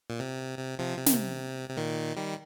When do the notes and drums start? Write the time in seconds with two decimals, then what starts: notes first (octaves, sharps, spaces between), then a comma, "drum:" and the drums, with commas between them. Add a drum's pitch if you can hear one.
0.10 A#2
0.20 C3
0.59 C3
0.79 C3 F3
0.98 C3
1.06 D#3, drum: snare
1.14 C3
1.69 C3
1.77 A#2 D#3
2.16 D#3 G3